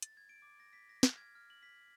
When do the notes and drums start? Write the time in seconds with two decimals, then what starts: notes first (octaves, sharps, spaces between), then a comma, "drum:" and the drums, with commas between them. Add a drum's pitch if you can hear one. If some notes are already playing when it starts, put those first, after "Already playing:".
0.02 A6, drum: hi-hat
0.17 G#6
0.29 D7
0.42 D6
0.60 A#6
0.73 B6
0.89 A#6
1.03 F6, drum: snare
1.17 G#6
1.35 F6
1.50 F#7
1.63 B6